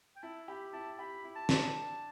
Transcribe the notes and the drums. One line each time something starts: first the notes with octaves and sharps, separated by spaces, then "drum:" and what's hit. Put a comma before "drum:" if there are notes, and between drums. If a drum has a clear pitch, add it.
G5
E4 A5
G4 B5
E4 A5
G4 B5
E4
A5
D4, drum: snare